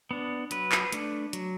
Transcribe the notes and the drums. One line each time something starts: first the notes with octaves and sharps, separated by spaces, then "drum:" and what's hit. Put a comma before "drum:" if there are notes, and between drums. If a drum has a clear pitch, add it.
B3 D4
F#3 B4, drum: hi-hat
drum: clap
A3 D4, drum: hi-hat
F#3, drum: hi-hat